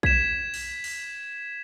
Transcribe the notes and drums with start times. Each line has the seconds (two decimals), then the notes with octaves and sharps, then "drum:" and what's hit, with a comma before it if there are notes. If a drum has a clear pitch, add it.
0.03 G#6 B6 E7, drum: kick
0.54 drum: cymbal
0.84 drum: cymbal